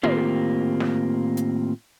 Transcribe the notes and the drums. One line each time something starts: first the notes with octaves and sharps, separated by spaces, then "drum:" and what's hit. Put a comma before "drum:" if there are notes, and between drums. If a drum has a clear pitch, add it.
A2 D#3 A#3 C4 F4 G4, drum: tom
drum: snare
drum: hi-hat